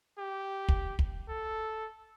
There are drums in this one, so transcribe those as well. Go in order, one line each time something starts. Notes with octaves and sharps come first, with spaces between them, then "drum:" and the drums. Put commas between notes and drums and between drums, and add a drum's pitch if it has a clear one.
G4
drum: kick
drum: kick
A4